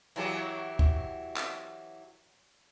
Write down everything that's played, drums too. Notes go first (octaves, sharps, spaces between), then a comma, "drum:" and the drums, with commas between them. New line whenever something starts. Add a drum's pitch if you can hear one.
E3 F#3 G4, drum: cymbal
drum: kick
drum: clap